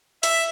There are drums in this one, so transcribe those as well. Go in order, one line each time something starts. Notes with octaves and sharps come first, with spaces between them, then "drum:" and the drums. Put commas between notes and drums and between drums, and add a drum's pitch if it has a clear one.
E5, drum: hi-hat